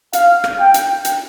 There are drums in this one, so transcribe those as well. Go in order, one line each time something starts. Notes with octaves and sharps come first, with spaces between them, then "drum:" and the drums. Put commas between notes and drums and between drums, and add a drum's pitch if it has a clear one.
F5, drum: hi-hat
drum: rim click
G5
drum: hi-hat
drum: hi-hat